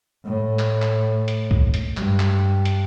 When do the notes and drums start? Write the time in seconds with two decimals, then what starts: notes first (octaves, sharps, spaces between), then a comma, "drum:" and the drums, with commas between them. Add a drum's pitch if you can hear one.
0.25 A2
0.59 drum: clap
0.82 drum: clap
1.28 drum: hi-hat
1.51 drum: kick C2
1.74 drum: hi-hat
1.97 G2, drum: clap
2.20 drum: clap
2.65 drum: hi-hat